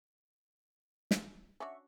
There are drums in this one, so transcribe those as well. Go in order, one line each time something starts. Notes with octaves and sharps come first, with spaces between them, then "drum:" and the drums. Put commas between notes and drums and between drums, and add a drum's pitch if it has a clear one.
drum: snare
C#4 D4 F#4 E5 F#5 C#6